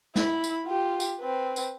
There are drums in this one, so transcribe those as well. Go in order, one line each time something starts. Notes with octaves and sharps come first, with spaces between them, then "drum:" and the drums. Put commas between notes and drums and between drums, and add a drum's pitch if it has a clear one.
E4 B5, drum: snare
drum: tambourine
F4 G4
drum: tambourine
C4 B4
drum: tambourine